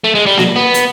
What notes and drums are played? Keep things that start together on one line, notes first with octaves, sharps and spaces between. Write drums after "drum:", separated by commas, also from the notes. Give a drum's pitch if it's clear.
A3
G#3
G3
F#3, drum: snare A#3
B3
drum: hi-hat